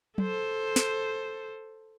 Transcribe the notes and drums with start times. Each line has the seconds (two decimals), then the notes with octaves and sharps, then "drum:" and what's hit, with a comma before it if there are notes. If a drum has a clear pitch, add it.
0.18 A4 C5, drum: tom F#3
0.76 drum: snare